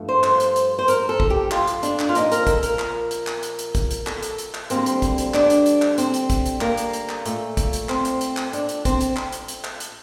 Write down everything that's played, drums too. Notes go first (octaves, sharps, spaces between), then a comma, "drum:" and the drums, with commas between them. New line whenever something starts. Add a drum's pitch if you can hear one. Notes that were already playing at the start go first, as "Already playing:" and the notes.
Already playing: G2 F3 A3
C5
C5, drum: clap
drum: hi-hat
drum: hi-hat
C5
A#4, drum: hi-hat
A4
drum: kick
G4
F4, drum: clap
drum: hi-hat
D4, drum: hi-hat
drum: clap
F4
A#2 F3 A#3 D#4, drum: hi-hat
A#4, drum: hi-hat
A4, drum: kick, hi-hat
A#4, drum: hi-hat
drum: clap
drum: hi-hat
drum: clap
drum: hi-hat
drum: hi-hat
drum: kick, hi-hat
drum: hi-hat
A4, drum: clap
drum: hi-hat
drum: hi-hat
drum: clap
D2 D3 G3 A#3 C4, drum: hi-hat
drum: hi-hat
drum: kick, hi-hat
drum: hi-hat
D4, drum: clap
drum: hi-hat
drum: hi-hat
drum: clap
C4, drum: hi-hat
drum: hi-hat
drum: kick, hi-hat
drum: hi-hat
A#3, drum: clap
drum: hi-hat
drum: hi-hat
drum: clap
A#2 A3, drum: hi-hat
drum: kick, hi-hat
drum: hi-hat
C4, drum: clap
drum: hi-hat
drum: hi-hat
drum: clap
D4, drum: hi-hat
drum: hi-hat
C4, drum: kick, hi-hat
drum: hi-hat
drum: clap
drum: hi-hat
drum: hi-hat
drum: clap
drum: hi-hat